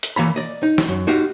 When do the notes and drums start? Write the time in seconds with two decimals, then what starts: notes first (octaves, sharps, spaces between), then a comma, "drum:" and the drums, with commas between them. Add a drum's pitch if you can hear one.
0.03 drum: hi-hat
0.16 E3 A#3 A#5 B5
0.36 D5 D#5
0.63 D#4
0.78 drum: snare
0.89 F#2
1.07 D#4 F#4 G4 F5